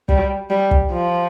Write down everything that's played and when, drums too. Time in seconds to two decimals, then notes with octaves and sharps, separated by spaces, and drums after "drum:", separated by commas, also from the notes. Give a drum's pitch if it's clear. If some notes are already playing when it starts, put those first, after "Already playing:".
0.09 G3, drum: kick
0.50 G3
0.71 drum: kick
0.92 F3